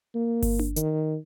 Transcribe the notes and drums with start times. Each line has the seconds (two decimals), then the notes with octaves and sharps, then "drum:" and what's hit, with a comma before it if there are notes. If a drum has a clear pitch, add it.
0.15 A#3
0.42 drum: kick G1, open hi-hat
0.59 drum: tom D4
0.76 D#3, drum: hi-hat